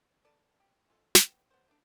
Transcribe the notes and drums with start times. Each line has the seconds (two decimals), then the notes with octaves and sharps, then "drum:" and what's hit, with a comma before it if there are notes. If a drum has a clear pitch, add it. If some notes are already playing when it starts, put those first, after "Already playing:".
0.25 A4 B4 D5 A5
0.60 G4
0.89 G#3 F4 A4
1.15 B3 G5, drum: snare
1.50 B3 C5
1.68 A3 D4